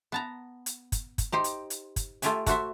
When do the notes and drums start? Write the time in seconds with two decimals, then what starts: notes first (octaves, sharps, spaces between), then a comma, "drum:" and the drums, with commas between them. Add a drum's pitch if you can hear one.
0.12 B3 A5 A#5
0.66 drum: hi-hat
0.92 drum: kick, hi-hat
1.18 drum: kick, hi-hat
1.32 D#4 G4 C5
1.44 drum: hi-hat
1.70 drum: hi-hat
1.96 drum: kick, hi-hat
2.22 A3 F4 G4 E5 G#5, drum: hi-hat
2.46 A3 F#4 C5 E5, drum: kick, hi-hat